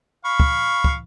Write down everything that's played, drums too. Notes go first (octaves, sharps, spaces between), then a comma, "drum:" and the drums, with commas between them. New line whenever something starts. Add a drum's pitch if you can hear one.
F5 B5 C#6
drum: kick
drum: kick